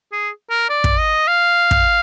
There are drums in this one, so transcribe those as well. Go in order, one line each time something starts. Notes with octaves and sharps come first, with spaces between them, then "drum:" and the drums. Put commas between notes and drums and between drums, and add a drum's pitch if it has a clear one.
G#4
A#4
D5
drum: kick
D#5
F5
drum: kick